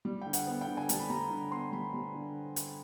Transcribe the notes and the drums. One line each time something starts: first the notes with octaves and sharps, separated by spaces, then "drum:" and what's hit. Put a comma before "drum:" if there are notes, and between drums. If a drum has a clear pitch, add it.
G3
D3 G5
F#5, drum: hi-hat
B3 F#5
G5
D3
G#5
G3 A5, drum: hi-hat
B5
G3 A#5
D3 B5
B3 C6
G3 B5
G3
D3
drum: hi-hat